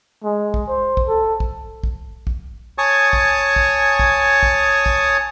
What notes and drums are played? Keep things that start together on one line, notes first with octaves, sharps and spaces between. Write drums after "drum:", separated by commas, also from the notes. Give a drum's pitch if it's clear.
G#3
drum: kick
C5
drum: kick
A4
drum: kick
drum: kick
drum: kick
C#5 G#5 A5 C#6 D#6
drum: kick
drum: kick
drum: kick
drum: kick
drum: kick